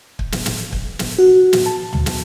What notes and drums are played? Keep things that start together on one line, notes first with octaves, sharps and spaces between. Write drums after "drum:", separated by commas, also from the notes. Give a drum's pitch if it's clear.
drum: kick
drum: snare
drum: snare
drum: kick
drum: snare
F#4
drum: snare
A5
drum: tom
drum: snare